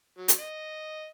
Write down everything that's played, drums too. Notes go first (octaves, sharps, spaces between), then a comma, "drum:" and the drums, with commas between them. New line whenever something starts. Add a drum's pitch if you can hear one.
F#3
drum: hi-hat
D#5